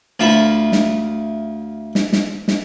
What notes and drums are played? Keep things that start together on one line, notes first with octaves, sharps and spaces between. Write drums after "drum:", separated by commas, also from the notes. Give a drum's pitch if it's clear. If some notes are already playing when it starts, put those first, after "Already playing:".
D2 F4 E5 B5
drum: snare
drum: snare
drum: snare
drum: snare